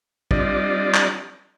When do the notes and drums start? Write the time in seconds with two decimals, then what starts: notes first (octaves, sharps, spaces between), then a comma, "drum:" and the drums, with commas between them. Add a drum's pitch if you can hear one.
0.31 G3 C4 D4 F4 D5 D#5, drum: kick
0.94 drum: clap